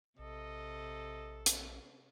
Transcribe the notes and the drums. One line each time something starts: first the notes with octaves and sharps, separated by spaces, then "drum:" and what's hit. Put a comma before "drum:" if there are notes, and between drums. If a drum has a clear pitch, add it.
A#1 C3 A4 D#5
drum: hi-hat